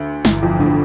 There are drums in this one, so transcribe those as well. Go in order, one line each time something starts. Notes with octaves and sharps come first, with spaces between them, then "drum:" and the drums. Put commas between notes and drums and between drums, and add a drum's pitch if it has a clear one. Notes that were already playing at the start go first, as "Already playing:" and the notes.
Already playing: D2 D3
G1 E2 E3, drum: snare
F2 F3
A2 D3 A3